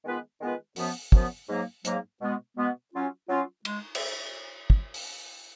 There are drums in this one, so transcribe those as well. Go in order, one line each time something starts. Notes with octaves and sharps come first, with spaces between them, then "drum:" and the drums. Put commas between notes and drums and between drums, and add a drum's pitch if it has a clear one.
D#3 G#3 B3 F4 B4
D#3 G#3 B3 F4 B4
F#2 F3 B3, drum: open hi-hat
F#2 F3 B3, drum: kick
G#2 F#3 A#3
G#2 F#3 A#3, drum: hi-hat
B2 G#3 B3
B2 G#3 B3
F#3 C#4 F4
F#3 C#4 F4
G#3, drum: cymbal
drum: cymbal
drum: kick
drum: open hi-hat